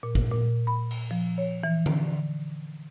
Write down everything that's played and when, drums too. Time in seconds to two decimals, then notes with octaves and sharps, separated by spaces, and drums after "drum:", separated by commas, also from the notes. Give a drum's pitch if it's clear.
0.03 A#2
0.15 drum: kick
0.31 A#2
0.67 B5
0.91 drum: cymbal
1.11 F3
1.38 C#5
1.64 E3
1.86 drum: tom D3
2.03 D3